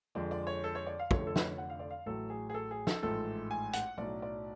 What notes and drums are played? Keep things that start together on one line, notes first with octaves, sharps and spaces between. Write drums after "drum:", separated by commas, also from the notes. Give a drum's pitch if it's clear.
F2 D3 F3 G#3 D5
D5
C#5
A4
C#5
D5
F5
F1 F2 D3 F3 A3 C#5, drum: kick
A4
B4, drum: snare
C#5
F#5
F5
D5
F5
A1 A2 F#3 A4
G#4
G#4
A4
G#4
A4, drum: snare
A1 G#2 F3 A3 A4
G#5
F#5, drum: hi-hat
B1 A2 F#3 D5
D5